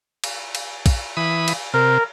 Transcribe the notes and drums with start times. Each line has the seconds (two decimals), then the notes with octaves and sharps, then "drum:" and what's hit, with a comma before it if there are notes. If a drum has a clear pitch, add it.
0.24 drum: cymbal
0.55 drum: cymbal
0.86 drum: kick, cymbal
1.17 E3 B5 D#6
1.48 drum: cymbal
1.74 C3 A#4